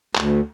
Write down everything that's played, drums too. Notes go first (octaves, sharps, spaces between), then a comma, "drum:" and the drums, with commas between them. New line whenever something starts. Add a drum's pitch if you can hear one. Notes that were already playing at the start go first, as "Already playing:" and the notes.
D2, drum: clap